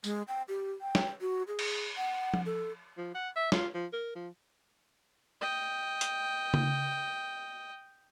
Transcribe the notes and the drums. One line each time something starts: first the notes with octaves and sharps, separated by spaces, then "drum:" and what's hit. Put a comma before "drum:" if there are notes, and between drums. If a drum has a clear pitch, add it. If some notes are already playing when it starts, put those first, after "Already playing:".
G#3, drum: tambourine
G5
G4
G5
drum: snare
F#4
G#4
drum: cymbal
F#5
drum: tom F3
A4
F3
F#5
E5
F4, drum: snare
F3
A#4
F3
D#5 G5
drum: hi-hat
drum: tom C#3